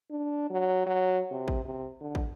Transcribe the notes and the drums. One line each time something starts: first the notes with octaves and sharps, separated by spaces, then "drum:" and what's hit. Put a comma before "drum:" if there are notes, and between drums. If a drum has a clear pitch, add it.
D4
F#3
F#3
C3
drum: kick
C3
D3
drum: kick